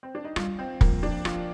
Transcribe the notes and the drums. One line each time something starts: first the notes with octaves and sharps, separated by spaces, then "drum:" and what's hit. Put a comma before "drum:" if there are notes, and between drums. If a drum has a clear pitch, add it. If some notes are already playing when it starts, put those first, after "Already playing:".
C4
D4
D#4
G3 F4, drum: rim click
C4
F3 A#3, drum: kick
D4
F4, drum: rim click